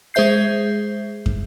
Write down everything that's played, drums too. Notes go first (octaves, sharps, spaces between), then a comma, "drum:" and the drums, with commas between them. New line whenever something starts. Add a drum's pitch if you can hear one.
G#3 G#4 C5 E5 G6 C7
drum: kick